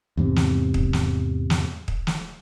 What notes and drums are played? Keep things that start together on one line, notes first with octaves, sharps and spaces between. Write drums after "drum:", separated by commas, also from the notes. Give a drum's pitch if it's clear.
E2 G#2 C3
drum: snare
drum: kick
drum: snare
drum: snare
drum: kick
drum: snare